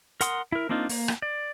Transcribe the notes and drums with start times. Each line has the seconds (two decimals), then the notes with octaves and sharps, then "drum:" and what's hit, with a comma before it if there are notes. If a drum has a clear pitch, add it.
0.21 A#4 F#5 C6 D#6, drum: hi-hat
0.52 E4 A#4
0.69 A#3 C4 D4 D#4 F4
0.89 A#3, drum: open hi-hat
1.08 drum: rim click
1.22 D5